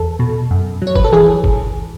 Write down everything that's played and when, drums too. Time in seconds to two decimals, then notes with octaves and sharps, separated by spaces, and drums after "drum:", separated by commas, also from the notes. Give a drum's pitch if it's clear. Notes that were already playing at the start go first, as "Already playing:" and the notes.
Already playing: E2 A4
0.19 B2
0.51 F#2
0.82 F#3
0.87 C#5
0.95 B4, drum: kick
1.04 A4
1.12 E3 G#4
1.44 drum: kick